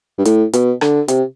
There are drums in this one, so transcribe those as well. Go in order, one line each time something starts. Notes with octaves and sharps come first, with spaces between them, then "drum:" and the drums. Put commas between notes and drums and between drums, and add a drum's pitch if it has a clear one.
G2
A2, drum: hi-hat
B2, drum: hi-hat
D3, drum: rim click
C3, drum: hi-hat